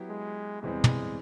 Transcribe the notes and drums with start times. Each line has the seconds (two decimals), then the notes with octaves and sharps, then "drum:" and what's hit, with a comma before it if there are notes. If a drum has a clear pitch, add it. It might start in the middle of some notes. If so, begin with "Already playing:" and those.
Already playing: F#3 B3 E4 G4
0.09 G#3
0.62 E2 C3 E3 G3 G#3 C4
0.84 drum: tom